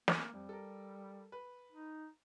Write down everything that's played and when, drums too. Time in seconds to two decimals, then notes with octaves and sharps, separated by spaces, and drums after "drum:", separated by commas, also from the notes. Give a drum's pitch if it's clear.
0.08 A3 A#3, drum: snare
0.33 F2 G3
0.49 A4 A#4
1.32 B4
1.72 D#4